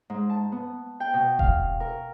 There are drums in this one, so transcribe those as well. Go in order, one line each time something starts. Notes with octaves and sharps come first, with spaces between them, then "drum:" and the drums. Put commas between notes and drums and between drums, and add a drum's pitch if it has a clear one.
G#2
A5
B3
G5
B2
F5, drum: kick E1
A#4